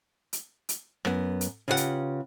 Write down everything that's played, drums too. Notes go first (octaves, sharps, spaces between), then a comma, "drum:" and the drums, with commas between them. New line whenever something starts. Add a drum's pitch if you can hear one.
drum: hi-hat
drum: hi-hat
F#2 B3, drum: rim click
drum: hi-hat
C#3 F4 G4 B4 C5 F#5
drum: hi-hat